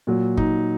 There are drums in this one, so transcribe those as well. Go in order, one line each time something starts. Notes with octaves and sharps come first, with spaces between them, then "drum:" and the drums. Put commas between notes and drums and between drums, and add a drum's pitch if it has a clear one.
A#2 F#3
D#4, drum: kick